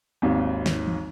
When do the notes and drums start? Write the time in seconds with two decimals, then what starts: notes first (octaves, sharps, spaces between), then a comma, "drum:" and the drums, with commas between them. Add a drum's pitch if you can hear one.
0.22 G#1 D#2
0.66 drum: snare
0.88 drum: tom E3